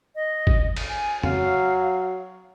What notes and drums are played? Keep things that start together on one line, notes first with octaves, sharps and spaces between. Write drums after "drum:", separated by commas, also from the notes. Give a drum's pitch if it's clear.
D#5
drum: kick G1
drum: cymbal
G#5
F#3 F5, drum: tom F2